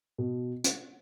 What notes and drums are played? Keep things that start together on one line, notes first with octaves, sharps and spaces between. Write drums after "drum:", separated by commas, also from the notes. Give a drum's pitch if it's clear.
B2
drum: hi-hat